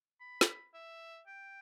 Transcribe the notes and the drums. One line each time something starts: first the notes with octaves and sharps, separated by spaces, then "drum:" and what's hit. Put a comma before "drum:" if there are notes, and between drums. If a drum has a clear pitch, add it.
B5
drum: snare
E5
G5